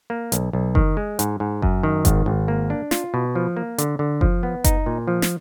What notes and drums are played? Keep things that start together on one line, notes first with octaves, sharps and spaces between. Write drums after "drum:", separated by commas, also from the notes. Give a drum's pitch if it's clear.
A#3
B1, drum: hi-hat
B1
D#3, drum: kick F#1
G#3
G#2, drum: hi-hat
G#2
F#2, drum: kick F#1
D#3
G#1, drum: kick F#1, hi-hat
G#1
A#3
D4
F4, drum: snare
B2
F3
A#3
D3, drum: hi-hat
D3
F3, drum: kick F#1
B3
D#4, drum: kick F#1, hi-hat
A#2
F3
drum: snare